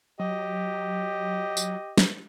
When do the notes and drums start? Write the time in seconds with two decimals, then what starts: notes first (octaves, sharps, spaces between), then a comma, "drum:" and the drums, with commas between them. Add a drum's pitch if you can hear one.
0.20 F#3 G4 D#5
1.57 drum: tambourine
1.98 drum: snare